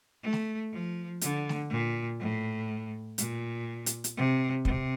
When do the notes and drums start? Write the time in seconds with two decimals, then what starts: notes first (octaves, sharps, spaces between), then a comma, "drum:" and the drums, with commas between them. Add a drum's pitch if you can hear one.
0.23 A3
0.33 drum: snare A3
0.72 F3
1.21 D3, drum: hi-hat
1.49 drum: snare A3
1.70 A#2
2.19 A2
3.18 A#2, drum: hi-hat
3.86 drum: hi-hat
4.04 drum: hi-hat
4.17 C3
4.65 C3, drum: kick